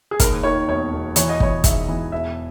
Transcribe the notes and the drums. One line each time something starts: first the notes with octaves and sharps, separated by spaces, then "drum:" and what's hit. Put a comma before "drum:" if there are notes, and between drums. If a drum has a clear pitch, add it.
G#4
D#2 A#4, drum: kick, hi-hat
D#3 C#5
E1 C#5
E1
E3 C#5, drum: hi-hat
D#5
E3 C#5, drum: kick
G#2 E5, drum: kick, hi-hat
E3
E1 E5